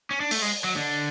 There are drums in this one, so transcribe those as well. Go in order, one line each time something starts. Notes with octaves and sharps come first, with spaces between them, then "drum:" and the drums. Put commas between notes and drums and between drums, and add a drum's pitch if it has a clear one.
C#4
D4
A3, drum: open hi-hat
G#3
F#3
D3